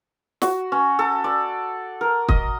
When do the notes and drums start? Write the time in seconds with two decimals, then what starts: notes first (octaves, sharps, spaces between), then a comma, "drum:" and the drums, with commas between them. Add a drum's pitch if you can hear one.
0.42 F#4, drum: snare
0.72 C#4
0.99 A4
1.24 D5
2.01 A#4
2.29 D#5, drum: kick